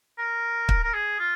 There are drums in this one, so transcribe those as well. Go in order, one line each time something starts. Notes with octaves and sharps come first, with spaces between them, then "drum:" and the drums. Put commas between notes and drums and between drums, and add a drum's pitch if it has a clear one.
A#4
drum: kick
A#4
G#4
F4